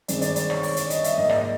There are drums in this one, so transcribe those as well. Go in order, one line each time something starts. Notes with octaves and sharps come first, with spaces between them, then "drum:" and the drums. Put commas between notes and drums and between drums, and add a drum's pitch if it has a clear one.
G2 D#3 G#3 C4 D5, drum: hi-hat
D5, drum: hi-hat
D5, drum: hi-hat
C#5, drum: rim click
C#5, drum: open hi-hat
D5, drum: hi-hat
D#5, drum: hi-hat
E5, drum: hi-hat
G#2 F3 A#3 D#5
D5, drum: rim click
D#5